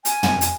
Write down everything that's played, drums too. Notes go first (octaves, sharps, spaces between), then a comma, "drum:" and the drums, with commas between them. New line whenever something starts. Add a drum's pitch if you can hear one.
G#5, drum: hi-hat
drum: tom
drum: hi-hat